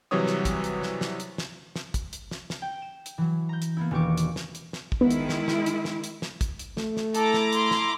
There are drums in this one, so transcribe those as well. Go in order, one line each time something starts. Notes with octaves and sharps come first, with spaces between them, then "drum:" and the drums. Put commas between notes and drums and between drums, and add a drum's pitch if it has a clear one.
C3 E3 F#3 G3 C#5 D#6
drum: snare
drum: kick, hi-hat
drum: hi-hat
drum: snare
drum: snare
drum: hi-hat
drum: snare
drum: snare
drum: kick, hi-hat
drum: hi-hat
drum: snare
drum: snare
G5
E7
drum: hi-hat
E3 F#3
A#5 G6
drum: hi-hat
A#3 B3 E4
E1 D#3 G4 C#6 D6
drum: hi-hat
drum: snare
drum: hi-hat
drum: snare
drum: kick
D#3 G#3 B3 E4
drum: hi-hat
drum: snare
drum: snare
drum: hi-hat
drum: snare
drum: hi-hat
drum: snare
drum: kick, hi-hat
drum: hi-hat
A3, drum: snare
drum: snare
E4 A4 A#5 D6, drum: hi-hat
drum: snare
C6, drum: hi-hat
drum: snare